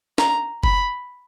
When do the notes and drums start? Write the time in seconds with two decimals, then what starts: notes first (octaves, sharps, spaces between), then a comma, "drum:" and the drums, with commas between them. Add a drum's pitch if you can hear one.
0.18 A#5, drum: snare
0.64 B5, drum: kick F#1